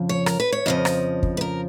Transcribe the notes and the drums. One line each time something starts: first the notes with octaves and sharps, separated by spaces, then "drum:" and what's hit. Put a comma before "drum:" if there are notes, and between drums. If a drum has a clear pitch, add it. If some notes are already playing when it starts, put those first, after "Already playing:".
Already playing: F2 C#3 F3
C#5
A#4, drum: rim click
B4
C#5
F2 C#3 F3 D#5
drum: rim click
drum: kick
B4
A#4